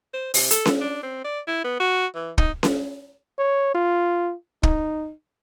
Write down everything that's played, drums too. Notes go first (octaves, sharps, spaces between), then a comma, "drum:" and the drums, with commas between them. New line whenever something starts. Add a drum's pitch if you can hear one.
C5
C3, drum: open hi-hat
A4, drum: hi-hat
drum: snare C#4
D4
C4
D5
E4
B3
F#4
E3
D#4, drum: kick
drum: snare C#4
C#5
F4
D#4, drum: kick